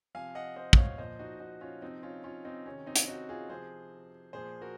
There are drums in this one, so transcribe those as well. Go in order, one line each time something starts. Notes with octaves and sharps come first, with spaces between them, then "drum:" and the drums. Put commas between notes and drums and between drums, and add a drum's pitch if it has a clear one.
C3 F3 F5 G#5
D#5 F#5
C5 D#5
D#5, drum: kick
C#5 F5
A#2 F3 C5 D#5
D#4 F#4
D#4 F#4
C#4 F4
C3 F3 C4 D#4
C#4 F4
C#4 F4
C4 D#4
C3 D#3 C#4
C4 D#4
drum: hi-hat
D#4 F#4
F4 G#4
C3 F3 G#4 C5
A#2 F3 G#4 C5
F#4 A#4